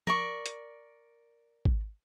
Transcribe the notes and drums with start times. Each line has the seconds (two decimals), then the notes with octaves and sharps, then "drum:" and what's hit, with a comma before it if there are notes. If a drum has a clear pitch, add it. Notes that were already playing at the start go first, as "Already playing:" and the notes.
0.07 A#4 D5 C#6, drum: tom
0.46 drum: hi-hat
1.65 drum: kick G#1